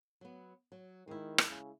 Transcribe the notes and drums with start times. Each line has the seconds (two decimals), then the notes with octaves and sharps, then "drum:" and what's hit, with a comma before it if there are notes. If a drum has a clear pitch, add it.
0.21 F#3 B3
0.72 F#3
1.08 D#3 G#3 E4
1.38 drum: rim click
1.49 C#3